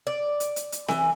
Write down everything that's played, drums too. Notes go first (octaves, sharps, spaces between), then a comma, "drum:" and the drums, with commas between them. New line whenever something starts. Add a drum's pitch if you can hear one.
D5
drum: hi-hat
drum: hi-hat
drum: hi-hat
E3, drum: snare C4